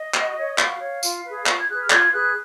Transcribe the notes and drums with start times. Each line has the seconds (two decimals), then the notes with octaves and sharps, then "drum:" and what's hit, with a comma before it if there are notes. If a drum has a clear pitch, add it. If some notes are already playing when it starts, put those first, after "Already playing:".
Already playing: D#5
0.14 F#4, drum: clap
0.37 C#5
0.58 F#4 F5, drum: clap
0.80 C#5
1.03 F4, drum: tambourine
1.25 G#4 B4
1.46 F4 C#6, drum: clap
1.58 G#6
1.68 G#4 B4 F#6
1.79 F6
1.90 F4 G#6, drum: clap
2.12 G#4 B4 F#6